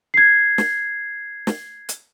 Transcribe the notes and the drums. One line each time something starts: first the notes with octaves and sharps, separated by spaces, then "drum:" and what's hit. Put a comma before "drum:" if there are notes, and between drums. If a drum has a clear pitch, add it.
G#6 C7
drum: snare
drum: snare
drum: hi-hat